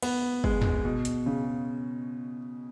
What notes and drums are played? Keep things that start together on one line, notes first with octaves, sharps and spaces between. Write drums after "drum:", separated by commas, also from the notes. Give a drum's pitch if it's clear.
B3, drum: cymbal
G#3, drum: kick
drum: tom
B2
drum: hi-hat
C#3